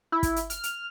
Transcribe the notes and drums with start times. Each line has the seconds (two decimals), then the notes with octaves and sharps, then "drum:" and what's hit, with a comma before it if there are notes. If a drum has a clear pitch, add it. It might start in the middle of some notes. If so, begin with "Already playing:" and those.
0.12 E4
0.23 drum: kick, hi-hat
0.36 drum: hi-hat
0.50 F6, drum: hi-hat
0.63 drum: hi-hat